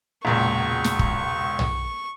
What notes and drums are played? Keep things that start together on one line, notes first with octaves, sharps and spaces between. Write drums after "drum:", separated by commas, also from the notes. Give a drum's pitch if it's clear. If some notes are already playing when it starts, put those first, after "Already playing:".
E1 C#2 A#2 C#6
drum: snare
drum: kick
drum: tom B1